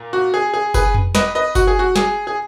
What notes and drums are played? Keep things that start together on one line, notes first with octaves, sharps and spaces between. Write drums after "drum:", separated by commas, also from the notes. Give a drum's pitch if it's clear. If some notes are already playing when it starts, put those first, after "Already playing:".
Already playing: A#2 A#3
F#4
G#4
G#4
G#4 B4, drum: kick F#1, tambourine
drum: tom F2
B4 D#5, drum: snare
B4 D#5
F#4, drum: kick F#1, tambourine
G#4
F#4
G#4, drum: snare
G#4